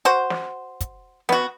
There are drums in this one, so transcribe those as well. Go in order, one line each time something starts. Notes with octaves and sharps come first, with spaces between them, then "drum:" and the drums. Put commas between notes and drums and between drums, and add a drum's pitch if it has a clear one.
F#4 C5
drum: snare
drum: kick, hi-hat
B3 F#4, drum: snare